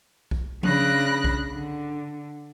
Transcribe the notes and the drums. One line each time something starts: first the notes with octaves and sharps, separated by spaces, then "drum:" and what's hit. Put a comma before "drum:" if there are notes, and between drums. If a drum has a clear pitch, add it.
drum: kick B1
C#3 D4 B5 F#6 A#6, drum: tom F3
drum: kick B1
D3